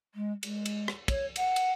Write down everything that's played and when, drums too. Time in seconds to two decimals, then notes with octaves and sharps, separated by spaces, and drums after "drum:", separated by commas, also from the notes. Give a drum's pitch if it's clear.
0.14 G#3
0.43 G#3, drum: cymbal
0.65 drum: cymbal
0.88 drum: rim click
1.08 C#5, drum: kick, cymbal
1.36 F#5, drum: cymbal
1.56 drum: cymbal